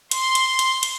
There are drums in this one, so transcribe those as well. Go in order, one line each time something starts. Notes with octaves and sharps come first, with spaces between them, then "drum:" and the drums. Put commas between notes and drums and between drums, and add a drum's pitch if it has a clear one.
C6, drum: hi-hat
drum: hi-hat
drum: hi-hat
drum: hi-hat